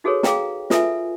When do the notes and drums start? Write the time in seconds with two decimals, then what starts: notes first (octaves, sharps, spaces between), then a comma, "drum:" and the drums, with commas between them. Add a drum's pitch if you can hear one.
0.04 D#4 F#4 G#4 A4 B4 C#5
0.23 G#4 F5 G5 A#5, drum: snare
0.70 F4 A4 B4 E5 G#5, drum: snare